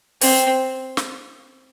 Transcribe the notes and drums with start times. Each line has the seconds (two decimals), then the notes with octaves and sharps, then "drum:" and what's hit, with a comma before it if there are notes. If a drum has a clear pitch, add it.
0.22 C4, drum: open hi-hat
0.97 drum: snare